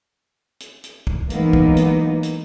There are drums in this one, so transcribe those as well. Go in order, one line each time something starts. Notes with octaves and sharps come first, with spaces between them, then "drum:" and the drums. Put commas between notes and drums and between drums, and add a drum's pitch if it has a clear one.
drum: hi-hat
drum: hi-hat
drum: kick
E3 F#3 G#3 A#3 B3 D#4, drum: hi-hat
drum: kick
drum: hi-hat
drum: hi-hat